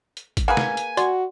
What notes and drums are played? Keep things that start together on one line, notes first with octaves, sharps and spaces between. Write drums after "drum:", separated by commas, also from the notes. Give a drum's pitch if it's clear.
drum: hi-hat
drum: kick G#1, hi-hat
A#3 G#4 B4 F#5 G#5
drum: snare
drum: hi-hat
F#4 D5 C6, drum: hi-hat